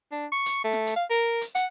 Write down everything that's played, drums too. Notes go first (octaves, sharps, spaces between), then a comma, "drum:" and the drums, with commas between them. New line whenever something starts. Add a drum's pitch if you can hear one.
D4
C#6
drum: hi-hat
A3
drum: snare
drum: hi-hat
F5
A#4
drum: hi-hat
F#5, drum: hi-hat